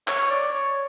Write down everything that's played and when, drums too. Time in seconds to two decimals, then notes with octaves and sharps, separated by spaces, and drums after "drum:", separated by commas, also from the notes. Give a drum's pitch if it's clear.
0.08 C#5, drum: clap
0.31 D5
0.52 C#5